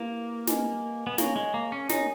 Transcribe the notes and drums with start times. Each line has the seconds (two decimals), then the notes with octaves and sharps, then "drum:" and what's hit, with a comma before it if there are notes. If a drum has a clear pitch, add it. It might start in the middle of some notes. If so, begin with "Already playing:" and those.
Already playing: A#3 E4 G4 B4
0.47 G4 B4 D#5 G#5, drum: snare
1.07 B3
1.18 A#3 G#4 C#5 G#5 C#6, drum: snare
1.36 G#3
1.54 A#3
1.72 C#4
1.89 D#4 E4 G4 A#4 C#5 G#5, drum: snare